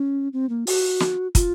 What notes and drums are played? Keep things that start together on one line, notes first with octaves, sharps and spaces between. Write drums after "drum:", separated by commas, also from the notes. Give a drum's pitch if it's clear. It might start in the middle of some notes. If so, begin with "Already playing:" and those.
Already playing: C#4
C4
A#3
F#4, drum: open hi-hat
drum: snare
F4, drum: kick, hi-hat